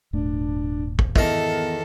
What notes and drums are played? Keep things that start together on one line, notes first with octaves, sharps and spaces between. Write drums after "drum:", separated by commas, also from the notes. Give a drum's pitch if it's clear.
D#1 G#2 A3 D4
drum: kick
E2 D#3 B3 A4 A#4, drum: kick